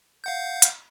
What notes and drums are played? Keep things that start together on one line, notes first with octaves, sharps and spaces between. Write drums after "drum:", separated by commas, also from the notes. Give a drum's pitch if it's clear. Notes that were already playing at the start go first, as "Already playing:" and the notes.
F5 F#5 G6
drum: hi-hat